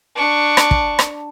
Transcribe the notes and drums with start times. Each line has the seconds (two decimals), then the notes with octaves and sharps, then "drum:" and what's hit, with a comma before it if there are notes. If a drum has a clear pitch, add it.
0.15 D4 C#6
0.57 drum: rim click
0.71 drum: kick
0.99 drum: rim click